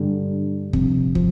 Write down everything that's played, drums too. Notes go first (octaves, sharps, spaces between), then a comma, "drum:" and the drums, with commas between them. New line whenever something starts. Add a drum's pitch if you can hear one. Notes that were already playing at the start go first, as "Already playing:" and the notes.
Already playing: G2 D3 G3
F2 C3, drum: kick
F3, drum: kick